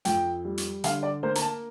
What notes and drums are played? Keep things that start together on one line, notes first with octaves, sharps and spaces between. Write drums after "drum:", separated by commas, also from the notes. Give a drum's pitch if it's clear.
F2 G5, drum: hi-hat
G3
drum: hi-hat
D3 F5, drum: hi-hat
D5
A#3 C5
A#5, drum: hi-hat
A5